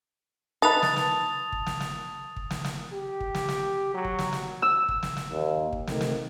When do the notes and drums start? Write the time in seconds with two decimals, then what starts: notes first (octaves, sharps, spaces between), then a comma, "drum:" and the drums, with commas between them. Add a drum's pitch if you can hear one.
0.62 D#4 B4 A5 D#6 A6 F7
0.82 drum: snare
0.96 drum: snare
1.52 drum: kick
1.66 drum: snare
1.80 drum: snare
2.36 drum: kick
2.50 drum: snare
2.64 drum: snare
2.93 G4
3.21 drum: kick
3.35 drum: snare
3.49 drum: snare
3.94 F#3
4.05 drum: kick
4.19 drum: snare
4.33 drum: snare
4.62 E6
4.89 drum: kick
5.03 drum: snare
5.17 drum: snare
5.30 D#2
5.73 drum: kick
5.87 C3 D#3 A3, drum: snare
6.01 drum: snare